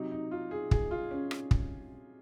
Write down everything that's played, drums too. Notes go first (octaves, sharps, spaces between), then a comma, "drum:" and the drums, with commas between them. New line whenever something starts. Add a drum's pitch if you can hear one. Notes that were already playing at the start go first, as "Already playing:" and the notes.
Already playing: C3 F#3 D#4
D#4
F4
G#4
G#4, drum: kick
F4
C#4
drum: rim click
drum: kick